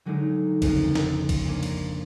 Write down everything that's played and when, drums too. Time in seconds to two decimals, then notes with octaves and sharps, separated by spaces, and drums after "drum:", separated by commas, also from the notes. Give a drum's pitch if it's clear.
0.05 D3 F#3 G#3 A3 D4 D#4
0.62 F2 C#3 G#3 A#3 C4 C#4, drum: kick G#1, cymbal
0.95 drum: snare
1.29 drum: kick G#1, cymbal
1.48 A#3 C#4 D4
1.63 drum: cymbal